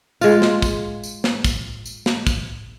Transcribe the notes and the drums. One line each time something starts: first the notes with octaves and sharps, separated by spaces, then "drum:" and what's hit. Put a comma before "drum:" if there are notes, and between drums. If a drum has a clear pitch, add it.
G#3 F4, drum: tambourine
drum: snare
drum: kick, tambourine
drum: tambourine
drum: snare
drum: kick, tambourine
drum: tambourine
drum: snare
drum: kick, tambourine